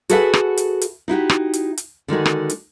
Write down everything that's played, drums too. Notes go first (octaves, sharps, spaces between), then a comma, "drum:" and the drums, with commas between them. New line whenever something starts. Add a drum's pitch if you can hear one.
F#4 G#4 A4 B4 E5 F#5, drum: hi-hat
drum: rim click
drum: hi-hat
drum: hi-hat
D#4 E4 F#4 G4
drum: rim click
drum: hi-hat
drum: hi-hat
D3 D#3 G#3 F#4
drum: rim click
drum: hi-hat